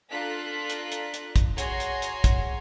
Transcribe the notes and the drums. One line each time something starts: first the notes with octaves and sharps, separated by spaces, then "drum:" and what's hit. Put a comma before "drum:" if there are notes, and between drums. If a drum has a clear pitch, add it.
D4 F4 A4 A#5 F#6 B6
drum: hi-hat
drum: hi-hat
drum: hi-hat
drum: kick, hi-hat
F#4 G#4 C#5 A#5 C6, drum: hi-hat
drum: hi-hat
drum: hi-hat
drum: kick, hi-hat